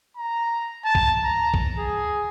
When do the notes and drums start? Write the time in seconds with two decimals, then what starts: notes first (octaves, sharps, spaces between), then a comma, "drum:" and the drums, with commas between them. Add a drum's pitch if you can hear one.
0.17 A#5
0.85 A5
0.95 drum: kick
1.24 A#5
1.54 drum: kick
1.78 G#4